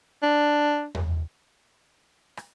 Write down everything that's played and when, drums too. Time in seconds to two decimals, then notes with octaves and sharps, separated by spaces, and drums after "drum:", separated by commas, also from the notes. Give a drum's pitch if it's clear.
0.23 D4
0.95 drum: tom E2
2.37 drum: rim click